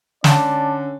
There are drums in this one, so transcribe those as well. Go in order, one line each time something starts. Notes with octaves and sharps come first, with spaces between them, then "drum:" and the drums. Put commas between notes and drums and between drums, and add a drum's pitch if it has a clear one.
D3 C#4 D5 A5, drum: snare